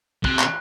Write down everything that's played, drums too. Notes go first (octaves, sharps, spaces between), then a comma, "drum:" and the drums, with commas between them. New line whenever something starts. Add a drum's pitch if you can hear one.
C3 F#6, drum: kick
drum: clap